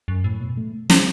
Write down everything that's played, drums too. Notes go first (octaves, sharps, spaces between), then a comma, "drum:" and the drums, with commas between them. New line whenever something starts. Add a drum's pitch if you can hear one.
F#2
A2
B2
A3
C4, drum: snare